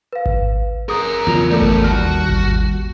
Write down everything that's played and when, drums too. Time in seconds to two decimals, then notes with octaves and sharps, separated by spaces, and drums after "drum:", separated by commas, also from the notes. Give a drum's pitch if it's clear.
0.13 B4 F5
0.26 drum: kick G#1
0.89 F#4 G#4 A#4 D#6
1.27 E2 C#3 F#3 F4 F7
1.51 A#2 A3 A4 A#4 D5
1.61 drum: kick G#1
1.84 D#2 G3 F#4 A5 F6
2.29 drum: kick G#1